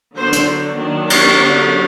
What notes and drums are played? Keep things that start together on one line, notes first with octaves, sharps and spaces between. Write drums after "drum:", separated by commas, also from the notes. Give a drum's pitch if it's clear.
D3 F#3 B3 D4 C5
drum: hi-hat
D#3 F#3 A#3 D4
C#5, drum: cymbal
D3 F#3 B3